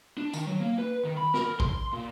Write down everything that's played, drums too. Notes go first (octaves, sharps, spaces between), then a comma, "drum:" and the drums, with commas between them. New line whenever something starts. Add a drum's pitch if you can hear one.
D4
D#3, drum: tambourine
F#3
A#3
B4
D#3
B5
A#4, drum: snare
C6, drum: kick
A#2